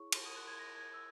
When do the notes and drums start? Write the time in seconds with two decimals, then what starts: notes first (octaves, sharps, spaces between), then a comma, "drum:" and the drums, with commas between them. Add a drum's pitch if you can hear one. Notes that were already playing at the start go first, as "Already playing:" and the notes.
Already playing: E4 G#4 C#5 C#6
0.12 drum: cymbal
0.25 D#6
0.36 F#6
0.48 G#6
0.59 A#6
0.77 G#6
0.94 E6